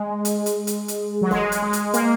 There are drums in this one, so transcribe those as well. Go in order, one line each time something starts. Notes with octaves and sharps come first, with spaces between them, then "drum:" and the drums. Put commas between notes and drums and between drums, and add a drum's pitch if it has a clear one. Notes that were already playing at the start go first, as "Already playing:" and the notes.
Already playing: G#3
drum: hi-hat
drum: hi-hat
drum: hi-hat
drum: hi-hat
F#3
G#3, drum: snare
drum: hi-hat
G#3
drum: hi-hat
A#3, drum: hi-hat